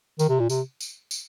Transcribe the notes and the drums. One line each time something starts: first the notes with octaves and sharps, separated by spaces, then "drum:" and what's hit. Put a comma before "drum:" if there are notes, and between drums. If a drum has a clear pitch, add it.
D#3, drum: tambourine
C3
A#2
C3, drum: tambourine
drum: tambourine
drum: tambourine